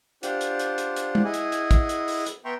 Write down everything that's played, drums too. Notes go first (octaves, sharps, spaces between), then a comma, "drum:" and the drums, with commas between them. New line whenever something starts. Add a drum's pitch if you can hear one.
D4 F4 G4 C5 F#5, drum: hi-hat
drum: hi-hat
drum: hi-hat
drum: hi-hat
drum: hi-hat
drum: tom
E4 G#4 D#5 F#5 G#5
drum: hi-hat
drum: hi-hat
drum: kick, hi-hat
drum: hi-hat
drum: open hi-hat
drum: hi-hat
B3 E5 G5 A#5 C6 C#6